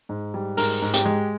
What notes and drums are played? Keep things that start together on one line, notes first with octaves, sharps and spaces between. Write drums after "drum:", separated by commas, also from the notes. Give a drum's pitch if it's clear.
G#2
G3
G#2 A#4, drum: open hi-hat
G#2
G4, drum: hi-hat
G#3